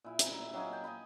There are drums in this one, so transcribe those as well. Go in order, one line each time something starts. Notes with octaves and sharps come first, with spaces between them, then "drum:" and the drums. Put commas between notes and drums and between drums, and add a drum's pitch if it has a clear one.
A#2 E4 G#5
E5 G#5 A#5, drum: hi-hat
A#5
F#3 A#3 D#5 G#5
G5
D#5 G#5 A#5 B5